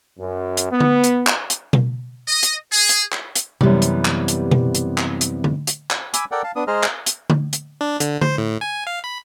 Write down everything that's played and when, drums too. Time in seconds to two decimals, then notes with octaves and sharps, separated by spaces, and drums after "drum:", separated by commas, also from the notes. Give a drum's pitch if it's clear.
0.19 F#2
0.57 drum: hi-hat
0.71 B3
0.80 drum: tom D3
1.04 drum: hi-hat
1.27 drum: clap
1.50 drum: hi-hat
1.73 drum: tom B2
2.28 D#5
2.43 drum: hi-hat
2.71 G#4
2.89 drum: hi-hat
3.12 drum: clap
3.35 drum: hi-hat
3.61 F#2 C3 E3 G3 B3, drum: tom C3
3.82 drum: hi-hat
4.05 drum: clap
4.28 drum: hi-hat
4.51 drum: tom B2
4.75 drum: hi-hat
4.98 drum: clap
5.21 drum: hi-hat
5.44 drum: tom D3
5.67 drum: hi-hat
5.91 drum: clap
6.14 G#5 B5 D6 E6, drum: hi-hat
6.31 A4 A#4 D5 F#5 G5
6.44 F5 A5
6.56 B3 D4 D#6
6.67 G#3 G#4 C5 D#5 A#5 F6
6.83 drum: clap
7.06 drum: hi-hat
7.30 drum: tom D3
7.53 drum: hi-hat
7.81 D4
8.00 D3, drum: hi-hat
8.21 C5, drum: tom D3
8.38 A2
8.61 G#5
8.87 F5
9.04 B5